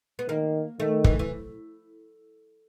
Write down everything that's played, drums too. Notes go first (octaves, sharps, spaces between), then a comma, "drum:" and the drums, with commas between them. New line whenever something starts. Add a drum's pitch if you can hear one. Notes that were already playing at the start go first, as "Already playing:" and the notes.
B3
D#3 A#3
D#3 A3
E3, drum: kick
E3